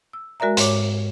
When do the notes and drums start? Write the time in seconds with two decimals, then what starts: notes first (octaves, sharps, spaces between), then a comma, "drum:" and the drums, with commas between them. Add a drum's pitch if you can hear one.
0.13 E6
0.40 G#3 F#4 A#4 D5 E5 A#5
0.57 G#2 C#5 D6, drum: hi-hat